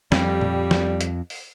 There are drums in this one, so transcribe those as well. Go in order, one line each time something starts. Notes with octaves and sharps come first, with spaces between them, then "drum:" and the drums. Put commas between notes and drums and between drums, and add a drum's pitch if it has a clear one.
F2 G3, drum: snare
drum: tom A#2
drum: snare
drum: hi-hat
drum: open hi-hat